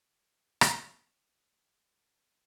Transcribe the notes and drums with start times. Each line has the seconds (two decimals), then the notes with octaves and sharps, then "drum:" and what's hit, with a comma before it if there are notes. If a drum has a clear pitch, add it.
0.19 C#5 D5 G#6 E7 F7 G7
0.61 drum: rim click